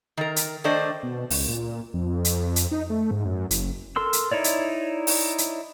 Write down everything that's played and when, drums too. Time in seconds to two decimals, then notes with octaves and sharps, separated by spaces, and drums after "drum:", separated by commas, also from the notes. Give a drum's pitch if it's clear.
0.17 D#3 A#4
0.36 drum: hi-hat
0.64 D#3 A3 D4 C5 D5 D#5
1.03 B2
1.30 C#2, drum: open hi-hat
1.48 A#2
1.94 F2
2.25 drum: hi-hat
2.56 drum: hi-hat
2.71 D#4
2.90 A3
3.11 G#2
3.25 F#2
3.51 F#1, drum: hi-hat
3.96 A4 A#4 C6 E6
4.13 drum: hi-hat
4.32 D#4 E4 C#5 D5
4.44 drum: hi-hat
5.07 drum: open hi-hat
5.38 drum: hi-hat